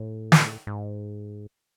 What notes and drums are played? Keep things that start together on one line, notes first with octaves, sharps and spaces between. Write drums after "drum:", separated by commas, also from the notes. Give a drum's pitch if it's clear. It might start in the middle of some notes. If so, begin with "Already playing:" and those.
Already playing: A2
drum: snare
G#2